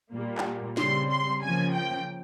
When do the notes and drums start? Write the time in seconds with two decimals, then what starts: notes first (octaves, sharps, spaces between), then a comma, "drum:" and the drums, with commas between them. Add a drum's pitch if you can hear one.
0.12 A#2 G3 A#3
0.38 drum: clap
0.77 C#3 G3 C4 C6, drum: snare
1.10 C6
1.42 C#3 F3 A#3 G#5
1.74 G5